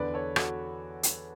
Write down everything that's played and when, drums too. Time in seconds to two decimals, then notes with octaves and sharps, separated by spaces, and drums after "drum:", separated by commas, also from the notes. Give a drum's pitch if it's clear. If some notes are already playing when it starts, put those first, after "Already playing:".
Already playing: E2 D3 B4 D5
0.14 A4 C#5
0.36 F#4 A4, drum: rim click
1.03 drum: hi-hat